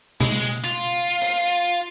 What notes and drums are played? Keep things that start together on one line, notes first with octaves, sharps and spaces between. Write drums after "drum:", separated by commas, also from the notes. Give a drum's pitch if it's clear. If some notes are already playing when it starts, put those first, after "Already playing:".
G#3, drum: tom B2
F4
drum: hi-hat